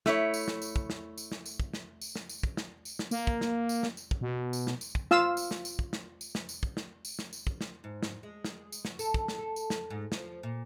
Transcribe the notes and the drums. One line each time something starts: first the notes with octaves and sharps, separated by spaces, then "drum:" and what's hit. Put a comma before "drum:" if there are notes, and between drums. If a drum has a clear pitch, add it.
A3 E4 C#5, drum: snare
drum: tambourine
drum: snare
drum: tambourine
drum: kick
drum: snare
drum: tambourine
drum: snare
drum: tambourine
drum: kick
drum: snare
drum: tambourine
drum: snare
drum: tambourine
drum: kick
drum: snare
drum: tambourine
drum: snare
A#3, drum: tambourine
drum: kick
drum: snare
drum: tambourine
drum: snare
drum: tambourine
drum: kick
B2
drum: tambourine
drum: snare
drum: tambourine
drum: kick
F4 F5 E6, drum: snare
drum: tambourine
drum: snare
drum: tambourine
drum: kick
drum: snare
drum: tambourine
drum: snare
drum: tambourine
drum: kick
drum: snare
drum: tambourine
drum: snare
drum: tambourine
drum: kick
drum: snare
G#2
drum: snare
G#3
drum: snare
drum: tambourine
F#4, drum: snare
A4, drum: tambourine
drum: kick
drum: snare
A4
drum: tambourine
drum: snare
G#2
F3, drum: snare
A#2